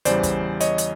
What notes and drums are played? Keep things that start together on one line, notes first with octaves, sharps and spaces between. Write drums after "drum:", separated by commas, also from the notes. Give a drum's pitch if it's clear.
E2 C#3 E3 G3 C5 D5, drum: hi-hat
drum: kick, hi-hat
C#5 D#5, drum: hi-hat
drum: hi-hat